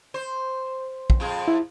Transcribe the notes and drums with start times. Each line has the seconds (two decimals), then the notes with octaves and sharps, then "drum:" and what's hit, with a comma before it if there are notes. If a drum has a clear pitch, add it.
0.14 C5
1.10 drum: kick
1.20 F2 F4 G#4
1.48 E4